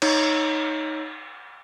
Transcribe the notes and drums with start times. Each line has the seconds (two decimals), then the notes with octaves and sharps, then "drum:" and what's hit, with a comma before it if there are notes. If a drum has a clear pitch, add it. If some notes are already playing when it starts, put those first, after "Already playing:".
0.02 D#4 C#5, drum: cymbal